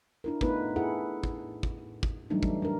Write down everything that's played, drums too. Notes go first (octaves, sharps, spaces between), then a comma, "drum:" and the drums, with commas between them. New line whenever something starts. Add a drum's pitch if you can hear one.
D4 E4 A#4
A3 B3 D#4 F4 B4, drum: kick
E4 G#4 A4 F#5
drum: kick
drum: kick
drum: kick
E3 F#3 G3 A3 D4 D#4
drum: kick
D4 A#4